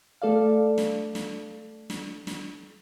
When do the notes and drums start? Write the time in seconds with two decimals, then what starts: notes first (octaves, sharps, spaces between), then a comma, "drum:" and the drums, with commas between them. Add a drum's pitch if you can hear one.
0.22 A3 A4 D5 F5
0.78 drum: snare
1.15 drum: snare
1.90 drum: snare
2.27 drum: snare